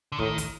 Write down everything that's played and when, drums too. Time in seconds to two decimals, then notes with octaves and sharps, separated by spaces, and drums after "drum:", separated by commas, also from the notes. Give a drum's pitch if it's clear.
0.12 D3
0.19 A2 D#3, drum: kick
0.38 drum: kick, hi-hat